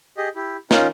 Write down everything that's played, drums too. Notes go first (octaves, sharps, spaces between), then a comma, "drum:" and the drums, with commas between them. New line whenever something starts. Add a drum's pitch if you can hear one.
G4 G#4 D#5
E4 G4
C#4 D#4 F4 A#4, drum: snare